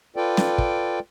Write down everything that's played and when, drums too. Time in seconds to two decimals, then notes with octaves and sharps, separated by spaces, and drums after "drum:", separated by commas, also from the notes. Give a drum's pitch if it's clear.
0.16 F4 A4 B4 D5 G5
0.37 drum: snare
0.58 drum: kick